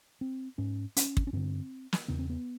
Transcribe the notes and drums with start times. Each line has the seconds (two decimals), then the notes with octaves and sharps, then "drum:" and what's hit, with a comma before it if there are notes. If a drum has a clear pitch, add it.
0.21 C4
0.58 G#2 C#4
0.96 C#4, drum: hi-hat
1.17 drum: kick
1.27 C#4
1.33 G2 D3 C4
1.93 drum: snare
2.08 E2 C#3 B3
2.19 C4
2.30 B3